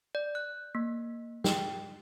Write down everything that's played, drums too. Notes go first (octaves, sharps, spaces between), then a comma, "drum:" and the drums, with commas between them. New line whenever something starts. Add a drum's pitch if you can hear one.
D5
F#6
A#3
G5, drum: snare